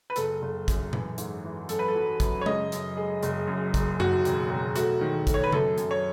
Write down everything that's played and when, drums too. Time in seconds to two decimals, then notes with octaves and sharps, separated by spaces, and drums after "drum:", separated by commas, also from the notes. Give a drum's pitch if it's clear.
0.10 B4
0.16 F#1 A4, drum: hi-hat
0.42 F#1
0.68 F#2, drum: kick, hi-hat
0.93 E3, drum: tom A#2
1.18 G#2, drum: hi-hat
1.44 E3
1.69 F#2 A4, drum: hi-hat
1.79 B4
1.88 A4
1.96 F#3
2.20 F#2, drum: kick, hi-hat
2.41 C#5
2.46 C#3 D#5, drum: tom G#3
2.72 F#2, drum: hi-hat
2.97 G#3
3.23 F#1, drum: hi-hat
3.48 F#2
3.74 F#1, drum: kick, hi-hat
4.00 D#2 F#4, drum: tom F#2
4.25 E1, drum: hi-hat
4.50 E1
4.76 A3 F#4, drum: hi-hat
5.01 D#3
5.27 A3, drum: kick, hi-hat
5.34 C#5
5.43 B4
5.52 F#2 A4, drum: tom C#3
5.78 F#2, drum: hi-hat
5.91 C#5